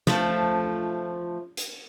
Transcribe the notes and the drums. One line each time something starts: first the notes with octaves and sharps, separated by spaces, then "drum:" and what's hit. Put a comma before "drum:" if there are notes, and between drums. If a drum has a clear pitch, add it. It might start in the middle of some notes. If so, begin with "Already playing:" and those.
F3 A3, drum: snare
drum: hi-hat